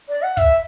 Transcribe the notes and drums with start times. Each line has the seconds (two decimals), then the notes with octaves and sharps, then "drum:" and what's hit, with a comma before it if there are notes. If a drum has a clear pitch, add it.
0.09 D5
0.22 F#5
0.37 E5, drum: kick, open hi-hat